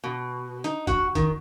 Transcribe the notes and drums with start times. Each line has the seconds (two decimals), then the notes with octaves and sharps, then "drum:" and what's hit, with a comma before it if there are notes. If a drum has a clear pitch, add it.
0.04 B2
0.64 D#4, drum: hi-hat
0.87 F#4, drum: kick, hi-hat
1.15 D#3, drum: kick, hi-hat